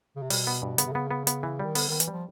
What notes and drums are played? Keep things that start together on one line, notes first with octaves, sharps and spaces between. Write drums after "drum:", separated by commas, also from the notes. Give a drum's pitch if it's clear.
C#3
C3
B2 G3, drum: open hi-hat
B3
G2
C#3 B3, drum: hi-hat
C3
C#3 B3
B3
B3, drum: hi-hat
E3
D#3 G3
D3 B3, drum: open hi-hat
D#3 B3
E3, drum: hi-hat
F3 G3